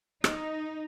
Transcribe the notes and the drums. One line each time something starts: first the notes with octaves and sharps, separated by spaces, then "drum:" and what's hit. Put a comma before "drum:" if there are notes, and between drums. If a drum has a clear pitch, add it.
D#4, drum: rim click